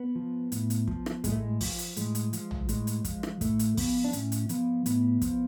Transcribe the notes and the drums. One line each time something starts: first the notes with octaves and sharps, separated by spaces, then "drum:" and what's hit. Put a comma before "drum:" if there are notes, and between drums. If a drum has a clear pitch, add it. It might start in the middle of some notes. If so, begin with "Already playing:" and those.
Already playing: B3
F3
A2, drum: hi-hat
drum: hi-hat
F3, drum: kick
drum: rim click
A2 G#3, drum: kick, hi-hat
A3
G#3
F3, drum: kick, open hi-hat
drum: hi-hat
A2 G#3, drum: hi-hat
drum: hi-hat
F3, drum: hi-hat
drum: tom
A2 G#3, drum: hi-hat
drum: hi-hat
F3, drum: kick, hi-hat
drum: rim click
A2 A3, drum: kick, hi-hat
drum: hi-hat
F3 B3, drum: kick, open hi-hat
D4
A2 C#4, drum: hi-hat
drum: hi-hat
F3 B3, drum: hi-hat
A2 B3, drum: hi-hat
F3, drum: kick, hi-hat